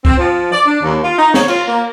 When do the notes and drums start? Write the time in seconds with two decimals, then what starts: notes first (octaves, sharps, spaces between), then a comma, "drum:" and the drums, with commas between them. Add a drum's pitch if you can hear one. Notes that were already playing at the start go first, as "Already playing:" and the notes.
0.05 C4, drum: kick C2
0.18 F3
0.52 D5
0.65 D4
0.82 D#2
1.03 F4
1.18 D#4
1.34 C#5, drum: snare
1.48 F4, drum: cymbal
1.67 A#3